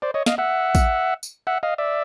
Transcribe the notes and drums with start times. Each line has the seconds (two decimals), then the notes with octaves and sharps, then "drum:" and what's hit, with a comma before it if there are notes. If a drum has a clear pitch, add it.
0.02 C5 D5
0.14 C#5 D#5
0.26 D#5 F5, drum: snare
0.38 E5 F#5
0.75 drum: kick, tambourine
1.23 drum: tambourine
1.47 E5 F#5
1.63 D#5 F5
1.78 D5 E5